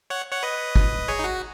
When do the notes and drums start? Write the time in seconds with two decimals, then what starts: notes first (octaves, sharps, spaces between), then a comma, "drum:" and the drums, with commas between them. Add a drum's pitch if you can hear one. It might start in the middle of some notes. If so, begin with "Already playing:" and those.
0.10 C#5 F#5
0.32 C#5 F#5
0.43 B4 D#5
0.76 drum: kick
1.08 G#4 C#5
1.19 D#4
1.24 F#4